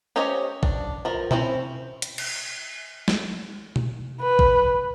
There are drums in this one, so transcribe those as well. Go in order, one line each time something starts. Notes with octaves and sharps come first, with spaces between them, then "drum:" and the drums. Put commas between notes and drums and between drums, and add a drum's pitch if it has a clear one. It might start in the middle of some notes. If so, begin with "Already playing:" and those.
C#4 G4 C5 C#5 D#5
D4, drum: kick A1
F3 A#4
C4 C#4 E4 C5, drum: tom B2
drum: hi-hat
drum: cymbal
drum: snare
drum: tom B2
B4
drum: kick A1